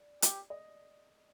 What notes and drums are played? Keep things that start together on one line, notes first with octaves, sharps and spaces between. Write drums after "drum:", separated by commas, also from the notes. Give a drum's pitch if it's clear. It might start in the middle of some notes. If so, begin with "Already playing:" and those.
Already playing: D5
G4, drum: hi-hat
D#5